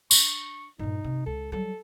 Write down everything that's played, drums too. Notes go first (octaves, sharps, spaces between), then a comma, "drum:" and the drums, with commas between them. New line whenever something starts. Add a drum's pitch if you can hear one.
D4 C#6, drum: tambourine
G2 A#2 D#4
C3
C#2 A4
F#3 G3 A4